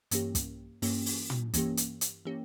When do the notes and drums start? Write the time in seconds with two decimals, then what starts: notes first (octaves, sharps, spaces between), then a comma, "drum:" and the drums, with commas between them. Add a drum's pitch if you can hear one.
0.11 G2 E3 A#3 C#4 G4, drum: hi-hat
0.35 drum: kick, hi-hat
0.82 G2 E3 A#3 C#4 G4, drum: open hi-hat
1.06 drum: open hi-hat
1.30 drum: tom
1.54 G2 E3 A#3 C#4 G4, drum: kick, hi-hat
1.77 drum: hi-hat
2.01 drum: hi-hat
2.25 E3 A#3 C#4 G4